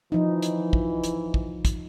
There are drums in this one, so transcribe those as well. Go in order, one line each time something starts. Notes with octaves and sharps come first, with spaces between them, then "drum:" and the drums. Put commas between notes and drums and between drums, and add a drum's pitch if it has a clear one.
E3 F3 D#4
drum: hi-hat
drum: kick
drum: hi-hat
drum: kick
drum: kick, hi-hat